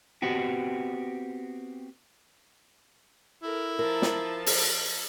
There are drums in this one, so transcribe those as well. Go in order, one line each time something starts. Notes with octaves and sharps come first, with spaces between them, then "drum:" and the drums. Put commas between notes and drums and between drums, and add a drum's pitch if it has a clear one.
B3 C4 F#4 G4
E4 A4 A#4
F3 A#4 A5
drum: snare
drum: open hi-hat